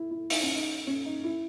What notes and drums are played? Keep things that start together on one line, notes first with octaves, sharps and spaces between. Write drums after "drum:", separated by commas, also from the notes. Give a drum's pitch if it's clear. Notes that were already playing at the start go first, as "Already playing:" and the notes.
Already playing: E4
E4
D#4, drum: open hi-hat
C#4
D#4
C#4
D#4
E4